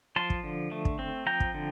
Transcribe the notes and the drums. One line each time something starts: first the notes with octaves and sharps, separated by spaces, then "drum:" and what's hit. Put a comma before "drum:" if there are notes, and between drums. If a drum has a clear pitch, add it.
F3 A5 C6
drum: kick
D3
A3
drum: kick
C4
F3 G5 A#5
drum: kick
D3